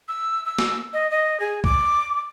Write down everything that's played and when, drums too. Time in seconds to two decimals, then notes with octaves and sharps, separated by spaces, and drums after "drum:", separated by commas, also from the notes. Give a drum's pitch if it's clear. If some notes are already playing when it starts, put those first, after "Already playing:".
0.08 E6
0.46 E6
0.59 drum: snare
0.93 D#5
1.11 D#5
1.40 G#4
1.64 D6, drum: kick